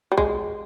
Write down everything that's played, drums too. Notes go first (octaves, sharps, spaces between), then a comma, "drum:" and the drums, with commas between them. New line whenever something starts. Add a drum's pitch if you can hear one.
G3
G#3, drum: kick